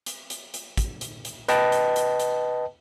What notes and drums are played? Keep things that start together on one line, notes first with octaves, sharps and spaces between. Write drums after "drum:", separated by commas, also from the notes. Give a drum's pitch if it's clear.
drum: hi-hat
drum: hi-hat
drum: hi-hat
drum: kick, hi-hat
drum: hi-hat
drum: hi-hat
B4 D#5 G5 A5, drum: hi-hat
drum: hi-hat
drum: hi-hat
drum: hi-hat